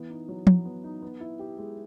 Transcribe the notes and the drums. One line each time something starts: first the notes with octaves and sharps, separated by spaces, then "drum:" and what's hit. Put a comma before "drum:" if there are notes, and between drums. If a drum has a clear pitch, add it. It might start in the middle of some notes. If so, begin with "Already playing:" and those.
Already playing: E3 B3
D#4
F#3
F#3, drum: tom F3
B3
D#4
B3
E4
G4
G#3